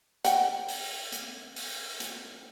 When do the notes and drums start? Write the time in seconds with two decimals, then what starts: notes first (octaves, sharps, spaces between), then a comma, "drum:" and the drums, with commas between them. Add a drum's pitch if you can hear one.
0.25 F#5 G5, drum: hi-hat
0.68 drum: open hi-hat
1.12 drum: hi-hat
1.56 drum: open hi-hat
2.00 drum: hi-hat